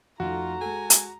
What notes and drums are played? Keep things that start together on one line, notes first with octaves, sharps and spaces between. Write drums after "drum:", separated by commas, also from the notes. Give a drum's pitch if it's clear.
F2 A3 D#4 F4 F#4 A#5
G#3 A4 G#5
drum: hi-hat